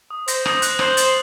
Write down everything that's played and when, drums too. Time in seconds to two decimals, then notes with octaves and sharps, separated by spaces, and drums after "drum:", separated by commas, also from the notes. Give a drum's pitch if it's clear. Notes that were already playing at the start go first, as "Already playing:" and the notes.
0.11 D#6
0.28 C5 A#6, drum: hi-hat
0.46 D#6, drum: rim click
0.62 F#6, drum: hi-hat
0.79 C5 F#7, drum: rim click
0.97 A6, drum: hi-hat